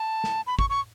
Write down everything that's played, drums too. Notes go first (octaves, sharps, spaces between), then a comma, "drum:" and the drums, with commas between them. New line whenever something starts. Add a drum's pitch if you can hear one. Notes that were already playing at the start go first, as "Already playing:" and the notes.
Already playing: A5
drum: snare
B5
C#6, drum: kick
C#6